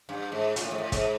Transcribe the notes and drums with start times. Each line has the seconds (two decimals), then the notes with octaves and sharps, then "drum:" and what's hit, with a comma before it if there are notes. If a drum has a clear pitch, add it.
0.09 G2
0.32 G#2
0.56 A#2, drum: hi-hat
0.64 A2
0.71 G#2
0.78 A2
0.92 G#2, drum: kick, hi-hat